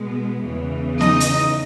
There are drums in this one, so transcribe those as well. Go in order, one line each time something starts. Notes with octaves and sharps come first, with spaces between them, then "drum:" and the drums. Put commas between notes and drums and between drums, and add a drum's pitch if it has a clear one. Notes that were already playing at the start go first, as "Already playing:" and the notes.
Already playing: B2 G#3 B3
E2 C#3 E3
D#4 D#5, drum: snare
drum: hi-hat